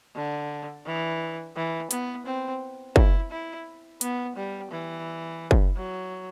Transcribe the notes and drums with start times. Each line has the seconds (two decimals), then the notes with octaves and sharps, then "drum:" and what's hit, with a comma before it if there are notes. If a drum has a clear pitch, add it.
0.15 D3
0.85 E3
1.56 E3
1.91 B3, drum: hi-hat
2.26 C4
2.96 E4, drum: kick
3.31 E4
4.01 B3, drum: hi-hat
4.36 G3
4.71 E3
5.51 drum: kick
5.76 F#3